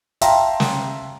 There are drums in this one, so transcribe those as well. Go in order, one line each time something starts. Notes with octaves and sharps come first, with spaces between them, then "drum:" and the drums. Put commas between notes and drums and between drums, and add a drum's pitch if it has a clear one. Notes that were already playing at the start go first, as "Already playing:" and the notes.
E5 F5 G5 A5 A#5 C6, drum: hi-hat
drum: snare